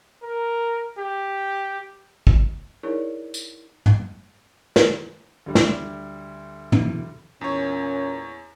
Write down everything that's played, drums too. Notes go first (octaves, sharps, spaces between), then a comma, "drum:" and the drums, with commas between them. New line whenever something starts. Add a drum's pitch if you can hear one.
A#4
G4
drum: kick
D#4 E4 G#4 A#4 C#5 D5
drum: tambourine
drum: tom
drum: snare
D2 G3
drum: snare
B2 E3, drum: tom
E2 A#2 C#4 C#5